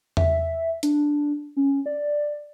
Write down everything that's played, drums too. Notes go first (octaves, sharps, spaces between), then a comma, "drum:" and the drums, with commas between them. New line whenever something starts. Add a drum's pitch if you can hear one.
E5, drum: tom E2
D4, drum: hi-hat
C#4
D5